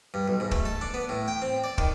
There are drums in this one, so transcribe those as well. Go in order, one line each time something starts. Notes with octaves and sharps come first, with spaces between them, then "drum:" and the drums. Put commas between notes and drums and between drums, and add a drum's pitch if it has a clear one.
G2
B1
G#2
A3, drum: kick
A4
D4
B3
A2
G5
C4
D5
D#3, drum: kick